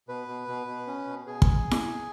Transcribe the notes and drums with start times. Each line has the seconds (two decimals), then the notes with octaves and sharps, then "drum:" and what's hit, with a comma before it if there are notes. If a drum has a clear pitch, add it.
0.08 B2 B4
0.28 B2
0.48 B2
0.67 B2
0.87 C#4
1.07 B2
1.26 B2 G#4
1.42 drum: kick
1.71 drum: snare E4